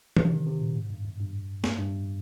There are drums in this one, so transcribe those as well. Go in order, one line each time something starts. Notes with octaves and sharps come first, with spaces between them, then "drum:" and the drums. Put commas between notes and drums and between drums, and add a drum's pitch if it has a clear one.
C3, drum: tom E3
D#3
C3
A#2
G#2
G2
F2
G2
F2, drum: snare
G2